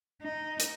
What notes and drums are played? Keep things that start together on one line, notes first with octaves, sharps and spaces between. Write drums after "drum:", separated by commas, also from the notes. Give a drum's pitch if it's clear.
D#4
drum: hi-hat